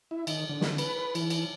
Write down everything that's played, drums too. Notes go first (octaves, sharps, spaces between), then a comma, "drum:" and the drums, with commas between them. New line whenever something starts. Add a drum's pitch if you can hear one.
E4
D#3, drum: cymbal
D3
drum: snare
B4, drum: cymbal
B4
E3, drum: cymbal
drum: cymbal